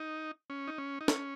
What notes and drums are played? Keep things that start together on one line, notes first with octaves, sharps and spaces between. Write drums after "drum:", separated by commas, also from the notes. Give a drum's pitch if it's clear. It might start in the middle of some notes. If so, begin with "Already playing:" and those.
Already playing: D#4
C#4
D#4
C#4
D#4
C#4, drum: snare